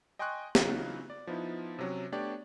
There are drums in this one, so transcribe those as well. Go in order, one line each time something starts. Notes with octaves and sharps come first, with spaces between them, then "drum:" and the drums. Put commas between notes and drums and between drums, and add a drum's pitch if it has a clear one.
D#5 G5 G#5 C6 C#6 F#6
C#3 E3 F#3 C4 D#4 F4, drum: snare
D5
F3 B3 D#4 E4
C3 F#3 C#4
A3 B3 D4 G4 C#5 D5